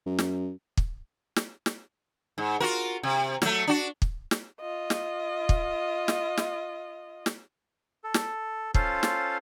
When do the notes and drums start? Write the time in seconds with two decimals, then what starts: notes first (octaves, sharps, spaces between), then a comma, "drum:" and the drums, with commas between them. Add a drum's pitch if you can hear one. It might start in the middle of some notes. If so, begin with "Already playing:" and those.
0.06 F#2
0.19 drum: snare
0.77 drum: kick
1.36 drum: snare
1.66 drum: snare
2.38 G#2
2.60 F4 F#4 A#4
3.03 C3
3.42 F#3 A3, drum: snare
3.67 D4 F#4
4.02 drum: kick
4.31 drum: snare
4.61 F4 D#5
4.90 drum: snare
5.49 drum: kick
6.08 drum: snare
6.37 drum: snare
7.26 drum: snare
8.04 A4
8.14 drum: snare
8.74 C#4 F4 A4 C5 F5, drum: kick
9.03 drum: snare